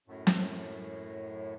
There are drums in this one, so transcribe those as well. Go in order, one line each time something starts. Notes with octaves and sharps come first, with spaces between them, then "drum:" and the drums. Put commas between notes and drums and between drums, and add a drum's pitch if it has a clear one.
F#2 A2
drum: snare